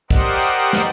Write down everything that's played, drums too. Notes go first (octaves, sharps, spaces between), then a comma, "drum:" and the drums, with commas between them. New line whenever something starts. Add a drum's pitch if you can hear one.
G4 A#4 C5 D5 D#5 F#5, drum: kick
drum: hi-hat
drum: snare